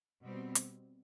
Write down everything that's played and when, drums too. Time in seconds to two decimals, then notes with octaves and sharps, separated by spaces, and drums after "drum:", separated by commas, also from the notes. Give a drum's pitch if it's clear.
0.22 B2 G3 C4
0.55 drum: hi-hat